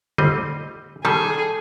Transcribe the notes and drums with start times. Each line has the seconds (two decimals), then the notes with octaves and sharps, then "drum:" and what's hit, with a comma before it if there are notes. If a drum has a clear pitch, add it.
0.18 G3 C4 D#5, drum: tom D3
1.05 D#3 G3 G#4 A4